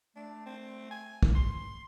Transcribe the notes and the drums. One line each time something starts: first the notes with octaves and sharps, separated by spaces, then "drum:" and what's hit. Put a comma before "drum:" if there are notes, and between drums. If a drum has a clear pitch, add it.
A3 D4
C4
G#5
drum: kick
C6